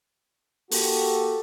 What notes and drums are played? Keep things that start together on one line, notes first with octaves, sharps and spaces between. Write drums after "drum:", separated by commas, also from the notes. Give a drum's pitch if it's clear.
A#3 F#4 G4 A4, drum: open hi-hat